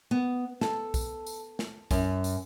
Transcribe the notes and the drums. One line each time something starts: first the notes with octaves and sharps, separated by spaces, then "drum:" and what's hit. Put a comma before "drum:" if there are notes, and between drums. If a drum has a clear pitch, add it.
B3
A4, drum: snare
drum: kick B1, tambourine
drum: tambourine
drum: snare
F#2, drum: kick B1, tambourine
drum: tambourine